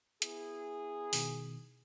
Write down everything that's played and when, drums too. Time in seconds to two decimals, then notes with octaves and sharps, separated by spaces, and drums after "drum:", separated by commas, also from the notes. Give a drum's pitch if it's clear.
0.22 B3 E4 G#4, drum: hi-hat
1.13 B2 D#3, drum: open hi-hat